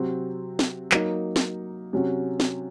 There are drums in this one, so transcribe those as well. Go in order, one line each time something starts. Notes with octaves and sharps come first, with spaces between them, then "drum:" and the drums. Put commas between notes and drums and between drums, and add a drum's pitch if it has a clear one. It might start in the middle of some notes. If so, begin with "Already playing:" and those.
Already playing: C3 F#3 C4 F#4
drum: snare
F#3 A#3 D#4, drum: clap
drum: snare
C3 F#3 C#4 F#4
drum: snare